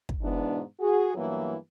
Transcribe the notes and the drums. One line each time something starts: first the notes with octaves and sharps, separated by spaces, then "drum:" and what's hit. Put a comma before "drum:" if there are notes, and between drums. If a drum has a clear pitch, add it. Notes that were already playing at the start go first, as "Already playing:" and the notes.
drum: kick
G#2 B2 E3 B3 D4
F#4 G#4
G2 E3 F#3 A#3 B3 E4